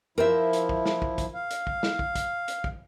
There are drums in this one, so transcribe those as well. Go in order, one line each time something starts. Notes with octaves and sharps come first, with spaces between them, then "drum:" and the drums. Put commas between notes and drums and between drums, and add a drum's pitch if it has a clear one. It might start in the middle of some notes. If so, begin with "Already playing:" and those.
F3 E4 A#4 C5 E5
drum: hi-hat
drum: kick
drum: snare
drum: kick
drum: kick, hi-hat
F5
drum: hi-hat
drum: kick
drum: snare
drum: kick
drum: kick, hi-hat
drum: hi-hat
drum: kick